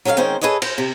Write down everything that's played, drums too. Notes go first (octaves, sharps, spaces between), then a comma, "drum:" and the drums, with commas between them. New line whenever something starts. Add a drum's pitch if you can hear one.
F#3 C#4 A4 E5 F5
G#2 D#3 C4 C#4 C5
G#4 A4 B4 C#5 D#5
C5, drum: cymbal
C3